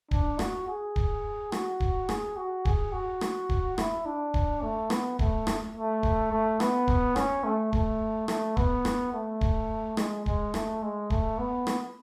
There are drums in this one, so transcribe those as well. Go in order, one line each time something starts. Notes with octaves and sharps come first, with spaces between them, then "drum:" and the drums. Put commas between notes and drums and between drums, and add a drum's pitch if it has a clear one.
D4, drum: kick D1
F#4, drum: rim click
G#4
drum: kick D1
F#4, drum: rim click
drum: kick D1
G#4, drum: rim click
F#4
G#4, drum: kick D1
F#4
drum: rim click
drum: kick D1
E4, drum: rim click
D4
drum: kick D1
A3
B3, drum: rim click
A3, drum: kick D1
drum: rim click
A3
drum: kick D1
A3
B3, drum: rim click
drum: kick D1
C#4, drum: rim click
A3
A3, drum: kick D1
A3, drum: rim click
B3, drum: kick D1
drum: rim click
A3
drum: kick D1
G#3, drum: rim click
G#3, drum: kick D1
A3, drum: rim click
G#3
A3, drum: kick D1
B3
drum: rim click